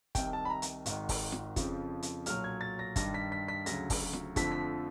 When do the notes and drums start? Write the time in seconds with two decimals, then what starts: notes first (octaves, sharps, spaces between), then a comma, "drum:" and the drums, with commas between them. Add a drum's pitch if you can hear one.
0.15 C2 C3 D#3 G5, drum: kick, hi-hat
0.33 A5
0.45 B5
0.50 A#5
0.62 drum: hi-hat
0.86 G#1 G#2 D#3, drum: hi-hat
1.09 drum: kick, open hi-hat
1.32 drum: snare
1.56 F2 C#3 F3, drum: kick, hi-hat
2.03 drum: hi-hat
2.26 B1 A#2 F#3 F6, drum: hi-hat
2.44 G#6
2.61 A6
2.79 A#6
2.96 G2 D#3 G3 A#6, drum: kick, hi-hat
3.14 B6
3.32 B6
3.48 B6
3.66 D2 C#3 F#3 A#6, drum: hi-hat
3.90 drum: kick, open hi-hat
4.13 drum: snare
4.36 F2 D3 F3 A3 B6, drum: kick, hi-hat
4.52 B6